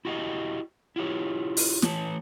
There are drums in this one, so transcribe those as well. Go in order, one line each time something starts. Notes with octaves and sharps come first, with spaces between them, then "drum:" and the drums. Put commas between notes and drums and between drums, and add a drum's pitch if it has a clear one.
E4 F#4 G4 D#5 F5
E4 F4 G4 C#5
drum: open hi-hat
E3 A3 C#5 A5, drum: snare